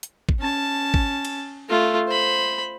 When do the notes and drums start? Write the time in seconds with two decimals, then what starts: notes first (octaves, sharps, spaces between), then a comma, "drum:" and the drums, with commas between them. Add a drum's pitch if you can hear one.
0.03 drum: hi-hat
0.29 drum: kick
0.40 C#4 A5
0.94 drum: kick
1.25 drum: cymbal
1.69 A3 F4
2.08 C5 B5